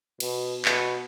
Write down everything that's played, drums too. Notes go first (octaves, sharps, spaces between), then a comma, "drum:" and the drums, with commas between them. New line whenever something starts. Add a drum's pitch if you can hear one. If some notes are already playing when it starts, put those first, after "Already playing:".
B2, drum: cymbal
B2, drum: clap